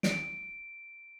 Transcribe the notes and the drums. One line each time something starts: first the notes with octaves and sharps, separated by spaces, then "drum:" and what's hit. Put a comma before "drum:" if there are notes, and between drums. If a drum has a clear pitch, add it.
D7, drum: snare